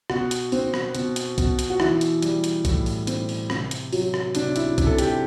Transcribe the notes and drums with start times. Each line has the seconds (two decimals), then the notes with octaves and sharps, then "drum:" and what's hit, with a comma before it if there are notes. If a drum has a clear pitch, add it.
0.10 B2 F#4, drum: rim click
0.31 drum: hi-hat
0.52 C4, drum: open hi-hat
0.74 drum: rim click
0.95 B2, drum: hi-hat
1.16 drum: hi-hat
1.38 B2, drum: kick B1, hi-hat
1.59 drum: hi-hat
1.70 F#4
1.80 E3 E4, drum: rim click
2.01 drum: hi-hat
2.22 G3, drum: hi-hat
2.44 drum: hi-hat
2.65 A2, drum: kick B1, hi-hat
2.86 drum: open hi-hat
3.07 C4, drum: hi-hat
3.29 drum: open hi-hat
3.50 C3, drum: rim click
3.71 drum: hi-hat
3.93 F#3, drum: open hi-hat
4.14 drum: rim click
4.35 C3 D4, drum: hi-hat
4.56 E4, drum: hi-hat
4.78 C3, drum: kick B1, hi-hat
4.87 A4
4.98 G4, drum: hi-hat